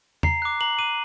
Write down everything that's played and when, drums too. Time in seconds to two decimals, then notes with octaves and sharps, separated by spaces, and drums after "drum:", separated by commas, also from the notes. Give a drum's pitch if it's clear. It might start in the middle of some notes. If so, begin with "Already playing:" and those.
0.23 A#5 C7, drum: tom
0.42 D6 F#6
0.61 A#5 F#7
0.79 D6 F#6 D#7